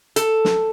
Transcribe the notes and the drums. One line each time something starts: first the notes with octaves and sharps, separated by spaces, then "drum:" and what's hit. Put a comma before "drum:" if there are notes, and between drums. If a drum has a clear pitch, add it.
A4, drum: hi-hat
drum: snare